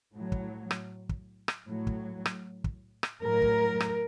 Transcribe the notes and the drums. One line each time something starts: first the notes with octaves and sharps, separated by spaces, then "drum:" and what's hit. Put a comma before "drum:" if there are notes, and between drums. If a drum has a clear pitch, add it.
A2 F#3
drum: kick
drum: rim click
drum: kick
drum: rim click
A2 F#3
drum: kick
drum: rim click
drum: kick
drum: rim click
A2 F#3 A#4
drum: kick
drum: rim click